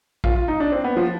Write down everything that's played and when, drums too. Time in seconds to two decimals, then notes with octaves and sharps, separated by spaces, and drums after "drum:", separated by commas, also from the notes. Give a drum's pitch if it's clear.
0.24 F4, drum: kick A#1
0.36 F4
0.48 D#4
0.60 D4
0.72 C4
0.84 B3
0.97 F3